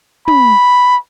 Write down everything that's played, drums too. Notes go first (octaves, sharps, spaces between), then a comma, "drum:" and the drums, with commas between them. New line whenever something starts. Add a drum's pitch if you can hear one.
B5, drum: tom